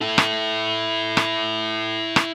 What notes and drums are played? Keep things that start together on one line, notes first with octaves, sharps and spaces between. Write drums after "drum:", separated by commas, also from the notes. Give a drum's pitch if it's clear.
E4 A4
drum: rim click
drum: rim click
drum: rim click